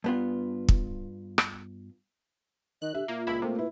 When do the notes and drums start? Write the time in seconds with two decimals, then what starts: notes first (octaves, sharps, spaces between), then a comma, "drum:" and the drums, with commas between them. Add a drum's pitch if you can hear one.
0.04 G2 B3 F4
0.69 drum: kick
1.38 drum: rim click
2.82 D#3 D#5 F#6
2.94 D3 G4 E5
3.08 A#2 A#3 F4
3.27 C#2 E4 B5
3.42 C3 A3 A#3 C4
3.59 E4 B4